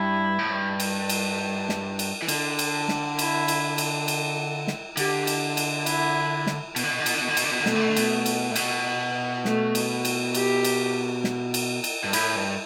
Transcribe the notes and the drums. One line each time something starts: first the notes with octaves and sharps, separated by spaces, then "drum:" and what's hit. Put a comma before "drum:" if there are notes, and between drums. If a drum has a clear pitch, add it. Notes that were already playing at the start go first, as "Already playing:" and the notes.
Already playing: G2 E4
A2
G2
drum: cymbal
drum: cymbal
drum: snare
drum: cymbal
E3
D3, drum: cymbal
drum: cymbal
drum: snare
E4, drum: cymbal
drum: cymbal
drum: cymbal
drum: cymbal
drum: snare
D3 G4, drum: cymbal
drum: cymbal
drum: cymbal
E4, drum: cymbal
drum: snare
B2, drum: cymbal
D3
B2
D3
B2, drum: cymbal
D3
B2
D3
B2, drum: cymbal
D3
B2
D3
B2 A3, drum: snare
D3
B2
D3
B2, drum: cymbal
drum: cymbal
A2
B2, drum: cymbal
A3, drum: snare
drum: cymbal
drum: cymbal
G4, drum: cymbal
drum: cymbal
drum: snare
drum: cymbal
drum: cymbal
G2
A2 E4, drum: cymbal
G2